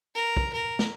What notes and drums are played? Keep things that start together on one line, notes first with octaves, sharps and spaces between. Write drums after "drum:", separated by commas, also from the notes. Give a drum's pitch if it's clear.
A#4
drum: kick
A#4
drum: snare